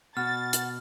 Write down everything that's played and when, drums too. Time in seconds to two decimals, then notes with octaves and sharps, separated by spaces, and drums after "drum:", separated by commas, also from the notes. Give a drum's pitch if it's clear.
0.17 B2 F#5 F6 A6
0.53 drum: hi-hat